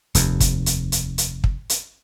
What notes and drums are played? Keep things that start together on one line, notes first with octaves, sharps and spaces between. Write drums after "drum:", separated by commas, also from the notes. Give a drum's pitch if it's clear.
F1 D#2, drum: hi-hat
drum: kick, hi-hat
drum: hi-hat
drum: hi-hat
drum: hi-hat
drum: kick
drum: hi-hat